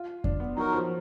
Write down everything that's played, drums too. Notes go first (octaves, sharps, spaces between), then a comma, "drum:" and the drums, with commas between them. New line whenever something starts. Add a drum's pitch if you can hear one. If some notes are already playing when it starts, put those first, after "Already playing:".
Already playing: F4
D4, drum: kick F2
B3
F#3 D#4 F#4 A#4
F3